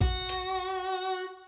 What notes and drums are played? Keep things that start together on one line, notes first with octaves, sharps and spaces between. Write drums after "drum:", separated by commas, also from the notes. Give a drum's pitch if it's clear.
F#4, drum: kick
drum: hi-hat